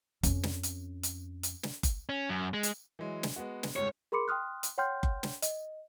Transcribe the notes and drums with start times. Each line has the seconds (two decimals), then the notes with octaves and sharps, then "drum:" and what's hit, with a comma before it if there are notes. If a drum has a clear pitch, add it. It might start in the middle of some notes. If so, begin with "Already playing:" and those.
0.23 F2 C#4, drum: kick F#1, hi-hat
0.43 drum: snare
0.63 drum: hi-hat
1.03 drum: hi-hat
1.43 drum: hi-hat
1.63 drum: snare
1.83 drum: kick F#1, hi-hat
2.09 C#4
2.29 F#2
2.54 G#3
2.63 drum: hi-hat
2.99 E3 F#3 G#3
3.23 drum: snare
3.36 G#3 B3 F#4
3.63 drum: snare
3.76 F1 C#2 G#2 C#5
4.12 G#4 A#4 B5 C6 D6 C#7
4.28 G5 C6 D#6 F6 F#6
4.63 drum: hi-hat
4.78 C#5 F#5 G5 C6 F6 G6
5.03 drum: kick F#1
5.23 drum: snare
5.42 D#5, drum: hi-hat